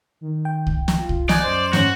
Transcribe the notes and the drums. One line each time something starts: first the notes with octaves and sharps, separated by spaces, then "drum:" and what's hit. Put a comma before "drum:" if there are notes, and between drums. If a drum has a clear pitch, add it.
D#3
G5
drum: kick C2
drum: snare
F4
drum: kick C2
D5 D#5 F#5 G#5 F#6 G6, drum: snare
F#2 C5
G#2 C#4 F#4, drum: snare